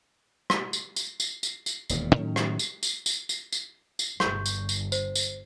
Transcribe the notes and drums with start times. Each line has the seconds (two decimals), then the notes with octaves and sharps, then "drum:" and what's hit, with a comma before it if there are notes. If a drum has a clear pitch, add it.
0.50 drum: rim click
0.73 drum: tambourine
0.96 drum: tambourine
1.20 drum: tambourine
1.43 drum: tambourine
1.66 drum: tambourine
1.90 E1 D#2 A#2, drum: tambourine
2.16 A2 D#3 F#3 C#4
2.36 drum: rim click
2.59 drum: tambourine
2.83 drum: tambourine
3.06 drum: tambourine
3.29 drum: tambourine
3.52 drum: tambourine
3.99 drum: tambourine
4.20 G1 C#6 G6, drum: rim click
4.46 drum: tambourine
4.69 drum: tambourine
4.92 C5, drum: tambourine
5.15 drum: tambourine